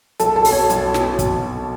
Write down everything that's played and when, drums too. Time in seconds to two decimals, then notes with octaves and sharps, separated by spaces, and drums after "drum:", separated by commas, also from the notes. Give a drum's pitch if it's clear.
0.20 B1 A4, drum: hi-hat
0.36 A4
0.45 B2, drum: open hi-hat
0.52 C#5
0.70 B1, drum: hi-hat
0.94 B2, drum: snare
1.19 drum: kick, hi-hat